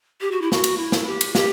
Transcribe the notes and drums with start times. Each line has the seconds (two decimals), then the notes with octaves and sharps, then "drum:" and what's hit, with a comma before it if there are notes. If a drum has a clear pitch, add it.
0.21 G4
0.31 F#4
0.42 E4
0.52 F#4, drum: snare
0.64 drum: cymbal
0.78 E4
0.92 drum: snare
1.07 G4
1.21 drum: cymbal
1.35 G4, drum: snare